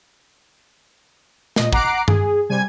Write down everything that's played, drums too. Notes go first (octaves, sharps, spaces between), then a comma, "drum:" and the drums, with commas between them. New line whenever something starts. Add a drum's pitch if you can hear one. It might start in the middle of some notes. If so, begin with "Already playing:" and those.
A#2 D#5, drum: snare
F#5 A#5 D6 F#6 C7 D7, drum: kick
G#4, drum: tom G2
C3 G3 G#5 G#6